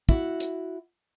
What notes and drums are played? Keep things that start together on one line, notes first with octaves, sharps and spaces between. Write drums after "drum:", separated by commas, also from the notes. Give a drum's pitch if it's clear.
E4 F#4, drum: kick
drum: hi-hat